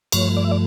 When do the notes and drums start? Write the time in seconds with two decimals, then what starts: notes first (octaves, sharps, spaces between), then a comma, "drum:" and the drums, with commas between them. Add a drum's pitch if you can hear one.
0.12 G2 F3 A3 C#5, drum: cymbal
0.37 D5
0.44 E5
0.51 D5